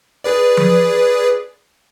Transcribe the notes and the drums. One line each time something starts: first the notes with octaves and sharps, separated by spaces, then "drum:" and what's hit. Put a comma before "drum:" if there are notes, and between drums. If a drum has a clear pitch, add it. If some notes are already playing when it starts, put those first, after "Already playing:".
G#4 B4 D5
drum: tom F3